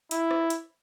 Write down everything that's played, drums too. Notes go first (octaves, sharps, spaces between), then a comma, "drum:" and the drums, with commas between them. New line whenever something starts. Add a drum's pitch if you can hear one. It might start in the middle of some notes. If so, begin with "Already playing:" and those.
E4, drum: hi-hat
drum: rim click
drum: hi-hat